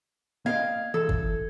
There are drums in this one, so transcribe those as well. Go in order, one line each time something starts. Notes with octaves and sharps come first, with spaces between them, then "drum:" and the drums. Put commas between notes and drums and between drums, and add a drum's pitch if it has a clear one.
A#3 D#5 F5 G5 G#6
E3 A4
drum: kick F#1